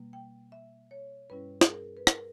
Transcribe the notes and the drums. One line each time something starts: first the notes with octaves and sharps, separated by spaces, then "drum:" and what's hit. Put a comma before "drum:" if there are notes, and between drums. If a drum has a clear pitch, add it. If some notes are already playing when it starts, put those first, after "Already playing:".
Already playing: B2 G3 A#3
G5
E5
C#5
G2 G3 C#4 E4 B4
G#4, drum: snare
A#4
B4
A#4, drum: rim click